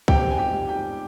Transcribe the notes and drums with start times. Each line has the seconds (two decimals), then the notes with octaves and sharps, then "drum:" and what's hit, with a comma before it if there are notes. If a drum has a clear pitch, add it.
0.08 C4 G4 G5, drum: kick
0.31 D#4 G#5
0.38 G4 G5
0.53 G3
0.69 G4 G5
0.76 G#2